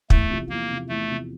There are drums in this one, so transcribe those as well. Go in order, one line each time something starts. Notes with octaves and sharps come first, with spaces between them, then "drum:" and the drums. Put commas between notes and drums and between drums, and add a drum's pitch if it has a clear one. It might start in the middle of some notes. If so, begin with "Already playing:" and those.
E2 A3, drum: kick
C3 F3
E2 A#3
C3 F3
E2 A3
C3 F3